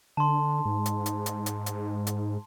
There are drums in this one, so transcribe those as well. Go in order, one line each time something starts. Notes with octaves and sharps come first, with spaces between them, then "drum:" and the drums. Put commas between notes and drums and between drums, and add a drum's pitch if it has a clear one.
D3 A5 C6
G#2
drum: hi-hat
drum: hi-hat
drum: hi-hat
drum: hi-hat
drum: hi-hat
drum: hi-hat